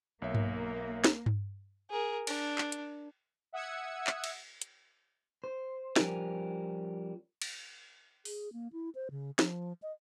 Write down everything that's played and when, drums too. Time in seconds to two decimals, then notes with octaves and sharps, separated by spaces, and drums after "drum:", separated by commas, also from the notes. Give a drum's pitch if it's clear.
0.22 B1 A#3 C#5 E5
0.34 drum: tom G2
1.04 drum: snare
1.26 drum: tom G2
1.90 G#4 A#4
2.27 D4, drum: cymbal
2.58 drum: clap
2.72 drum: hi-hat
3.53 E5 F#5 D#6 E6 G#6 C#7
4.07 drum: clap
4.24 drum: cymbal
4.61 drum: hi-hat
5.44 C5
5.96 F3 G3 C#4 A#4, drum: snare
7.42 drum: cymbal
8.25 G#4, drum: open hi-hat
8.53 A#3
8.73 E4
8.95 C5
9.11 C#3
9.39 F3, drum: snare
9.82 D#5